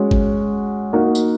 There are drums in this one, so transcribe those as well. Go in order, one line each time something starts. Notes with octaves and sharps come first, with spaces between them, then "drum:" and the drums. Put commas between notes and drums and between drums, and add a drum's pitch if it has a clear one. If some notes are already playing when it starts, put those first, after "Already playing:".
Already playing: G#3 C#4 F#4
drum: kick G1
A#3 D#4 F#4
drum: tambourine